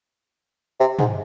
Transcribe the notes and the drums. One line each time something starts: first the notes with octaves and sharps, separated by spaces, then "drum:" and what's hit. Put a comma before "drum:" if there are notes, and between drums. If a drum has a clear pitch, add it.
C3
G#2, drum: tom